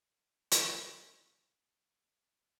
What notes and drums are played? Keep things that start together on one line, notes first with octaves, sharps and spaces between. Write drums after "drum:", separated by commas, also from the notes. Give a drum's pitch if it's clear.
D#3
drum: hi-hat
D#5